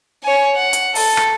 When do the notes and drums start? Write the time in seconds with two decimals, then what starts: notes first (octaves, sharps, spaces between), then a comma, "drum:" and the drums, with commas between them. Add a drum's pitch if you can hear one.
0.24 C#5 G#5
0.56 F#5
0.73 drum: hi-hat
0.95 A4, drum: open hi-hat
1.17 drum: rim click